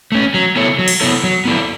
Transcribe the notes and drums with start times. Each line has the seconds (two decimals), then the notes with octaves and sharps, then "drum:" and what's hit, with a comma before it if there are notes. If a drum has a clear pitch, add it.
0.12 A3 C#4
0.34 F#3
0.56 B3 E4 A4 C#5
0.79 F#3
0.88 drum: cymbal
1.01 B3 E4 A4 C#5
1.24 F#3
1.45 B3 E4 A4 D5